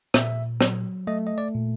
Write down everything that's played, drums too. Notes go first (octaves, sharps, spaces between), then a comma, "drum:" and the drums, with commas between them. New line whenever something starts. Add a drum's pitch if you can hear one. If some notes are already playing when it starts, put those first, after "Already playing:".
A#2 E5, drum: rim click
F#3, drum: rim click
A3 D#5
D#5
D5
A#2